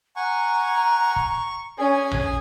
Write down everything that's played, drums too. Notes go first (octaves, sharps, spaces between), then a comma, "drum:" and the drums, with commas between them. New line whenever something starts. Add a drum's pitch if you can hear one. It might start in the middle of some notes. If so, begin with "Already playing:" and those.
F#5 G#5 A#5 C#6
C#6, drum: kick
C#4 G#4 G#5
drum: tom A1